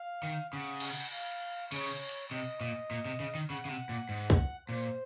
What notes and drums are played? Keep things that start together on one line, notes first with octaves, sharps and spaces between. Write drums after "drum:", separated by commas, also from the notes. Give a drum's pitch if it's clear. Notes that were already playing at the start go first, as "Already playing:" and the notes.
Already playing: F5
D#3
C#3 F#5
drum: cymbal
F5
C#3 C#5, drum: cymbal
drum: hi-hat
C3 D#5
A#2
A#2
C3
C#3
D#3
C#3 F#5
C#3
C3
A#2
G#2
drum: kick
A#2 C5